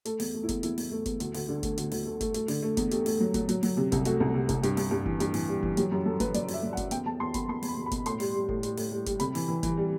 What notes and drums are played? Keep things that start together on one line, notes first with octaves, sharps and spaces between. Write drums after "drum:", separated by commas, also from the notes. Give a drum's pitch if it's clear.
A3 A4, drum: hi-hat
E2, drum: open hi-hat
A3
E4
E2, drum: kick F#1, hi-hat
E2 E4, drum: hi-hat
E2, drum: open hi-hat
A3
E2, drum: kick F#1, hi-hat
D2, drum: hi-hat
D2, drum: open hi-hat
D3
A3, drum: kick F#1, hi-hat
D2, drum: hi-hat
D2, drum: open hi-hat
A3
A3, drum: kick F#1, hi-hat
A3, drum: hi-hat
D3, drum: open hi-hat
A3
E2, drum: kick F#1, hi-hat
A3 G4, drum: hi-hat
A3, drum: open hi-hat
F#3
F#3, drum: kick F#1, hi-hat
F#3, drum: hi-hat
F#3, drum: open hi-hat
C3
C2, drum: kick F#1, hi-hat
A3 F#4, drum: hi-hat
C2
C3
C2, drum: kick F#1, hi-hat
G2, drum: hi-hat
G2, drum: open hi-hat
G2
E3, drum: kick F#1
G2, drum: hi-hat
E3, drum: open hi-hat
G3
E3, drum: kick F#1
F#3 G4, drum: hi-hat
F#2 G4
F#3 A4
F#3 B4, drum: kick F#1, hi-hat
F#3 D5, drum: hi-hat
F#2 E5, drum: open hi-hat
F#3
F#5
F#2, drum: kick F#1, hi-hat
E2 G5, drum: hi-hat
E2 A5
E2 C6
E2 B5, drum: kick F#1, hi-hat
E2 C6
E2, drum: open hi-hat
B5
E2
B5
B2, drum: kick F#1, hi-hat
A2 C6, drum: hi-hat
G3, drum: open hi-hat
G3
A2, drum: kick F#1
G3, drum: hi-hat
A2, drum: open hi-hat
G3
G3, drum: kick F#1, hi-hat
C3 B5, drum: hi-hat
E3, drum: open hi-hat
E3
E3, drum: kick F#1, hi-hat
G3